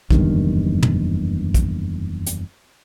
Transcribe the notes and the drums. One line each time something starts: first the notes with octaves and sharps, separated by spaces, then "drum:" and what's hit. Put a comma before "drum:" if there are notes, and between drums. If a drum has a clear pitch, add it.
F#1 E2 G2 D#3, drum: kick
drum: tom
drum: kick, hi-hat
drum: hi-hat